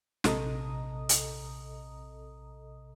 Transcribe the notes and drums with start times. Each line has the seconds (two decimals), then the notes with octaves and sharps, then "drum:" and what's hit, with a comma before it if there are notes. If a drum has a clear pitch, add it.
0.24 A#1 C3 A4 D#5 A#5 D#6, drum: snare
1.09 drum: hi-hat